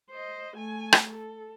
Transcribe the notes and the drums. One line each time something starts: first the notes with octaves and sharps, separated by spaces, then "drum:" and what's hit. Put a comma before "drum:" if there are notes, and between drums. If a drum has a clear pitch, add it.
C5 D#5
A3 G#5
drum: rim click
A4